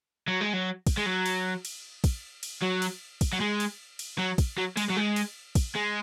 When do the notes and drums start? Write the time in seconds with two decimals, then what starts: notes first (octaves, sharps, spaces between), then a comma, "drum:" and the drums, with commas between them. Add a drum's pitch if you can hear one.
0.28 F#3
0.41 G#3
0.53 F#3
0.87 drum: kick, cymbal
0.97 G#3
1.06 F#3
1.26 drum: cymbal
1.65 drum: cymbal
2.04 drum: kick, cymbal
2.43 drum: cymbal
2.62 F#3
2.82 drum: cymbal
3.21 drum: kick, cymbal
3.33 F#3
3.40 G#3
3.60 drum: cymbal
3.99 drum: cymbal
4.19 F#3
4.38 drum: kick, cymbal
4.58 F#3
4.77 G#3, drum: cymbal
4.90 F#3
4.97 G#3
5.16 drum: cymbal
5.55 drum: kick, cymbal
5.75 G#3